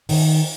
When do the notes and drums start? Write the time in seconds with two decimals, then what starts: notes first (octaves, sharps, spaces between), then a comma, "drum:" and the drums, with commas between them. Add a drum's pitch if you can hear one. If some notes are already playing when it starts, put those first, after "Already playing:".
0.09 D#3, drum: open hi-hat